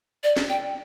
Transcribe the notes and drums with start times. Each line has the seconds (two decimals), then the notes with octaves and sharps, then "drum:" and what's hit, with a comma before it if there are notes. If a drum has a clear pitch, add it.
0.24 D5
0.37 drum: snare
0.49 G5